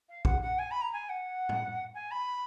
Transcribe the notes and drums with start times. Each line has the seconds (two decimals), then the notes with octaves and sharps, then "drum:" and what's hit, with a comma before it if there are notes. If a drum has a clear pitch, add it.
0.09 F5
0.25 F#5, drum: kick A#1
0.42 F#5
0.59 G#5
0.71 B5
0.81 A#5
0.93 G#5
1.09 F#5
1.49 drum: tom A2
1.94 G#5
2.11 B5